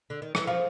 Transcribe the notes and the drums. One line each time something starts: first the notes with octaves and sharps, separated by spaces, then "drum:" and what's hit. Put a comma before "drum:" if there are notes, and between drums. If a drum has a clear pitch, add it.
D3
D#3
E3, drum: rim click
F3 F5